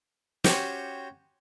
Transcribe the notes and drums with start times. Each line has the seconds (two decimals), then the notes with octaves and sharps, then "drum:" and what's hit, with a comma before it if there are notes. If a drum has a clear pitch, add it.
0.44 C#4 F#4 G4 C5, drum: snare